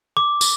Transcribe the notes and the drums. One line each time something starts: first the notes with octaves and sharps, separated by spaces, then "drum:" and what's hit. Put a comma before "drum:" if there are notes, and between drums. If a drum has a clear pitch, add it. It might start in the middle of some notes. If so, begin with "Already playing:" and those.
D6
drum: tambourine